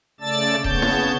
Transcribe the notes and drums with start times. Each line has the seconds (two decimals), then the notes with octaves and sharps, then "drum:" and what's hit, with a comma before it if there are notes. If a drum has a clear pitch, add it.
0.20 C#3 A3 D5 A5 E6 A6
0.64 C#3 B3 C#5 A5 G6, drum: kick D#1
0.82 drum: snare E4